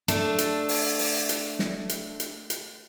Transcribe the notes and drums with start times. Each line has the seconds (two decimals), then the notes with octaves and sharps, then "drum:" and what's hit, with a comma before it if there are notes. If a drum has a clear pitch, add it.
0.08 A3 D4, drum: hi-hat
0.38 drum: hi-hat
0.69 drum: open hi-hat
0.99 drum: open hi-hat
1.29 drum: hi-hat
1.59 drum: snare
1.89 drum: hi-hat
2.20 drum: hi-hat
2.50 drum: hi-hat